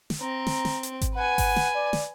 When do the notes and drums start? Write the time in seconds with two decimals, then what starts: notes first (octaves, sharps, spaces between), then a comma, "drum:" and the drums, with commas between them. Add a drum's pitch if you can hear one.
0.10 drum: snare
0.20 C4 A#5
0.47 drum: snare
0.65 drum: snare
0.83 drum: hi-hat
1.01 drum: kick G#1, hi-hat
1.15 B4 F#5 G#5
1.38 drum: kick G#1, open hi-hat
1.56 drum: snare
1.75 D5
1.93 drum: snare